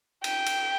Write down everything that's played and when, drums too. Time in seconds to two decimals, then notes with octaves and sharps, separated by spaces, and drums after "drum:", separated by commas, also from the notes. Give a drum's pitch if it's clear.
0.24 G5, drum: cymbal
0.46 drum: cymbal